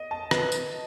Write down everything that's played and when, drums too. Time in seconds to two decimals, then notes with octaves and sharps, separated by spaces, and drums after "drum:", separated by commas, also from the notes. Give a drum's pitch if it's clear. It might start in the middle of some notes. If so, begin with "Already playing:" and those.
Already playing: D#5
0.11 A5
0.31 B4, drum: rim click
0.52 drum: tambourine
0.72 D#5